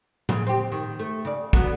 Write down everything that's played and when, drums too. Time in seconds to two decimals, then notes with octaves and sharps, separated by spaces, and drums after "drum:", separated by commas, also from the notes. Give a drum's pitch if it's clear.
0.29 A#2 C#3, drum: tom A2
0.46 C4 G4
0.72 D#3
0.99 A3
1.25 C#3 D5
1.53 D3 F#3 B3, drum: kick